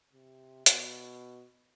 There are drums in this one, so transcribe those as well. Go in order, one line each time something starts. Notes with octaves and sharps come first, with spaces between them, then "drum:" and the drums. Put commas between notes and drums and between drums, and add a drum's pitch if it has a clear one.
C3
B2, drum: hi-hat